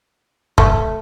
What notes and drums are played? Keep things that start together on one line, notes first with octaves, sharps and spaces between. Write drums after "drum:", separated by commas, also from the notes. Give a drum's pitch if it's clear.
A3, drum: kick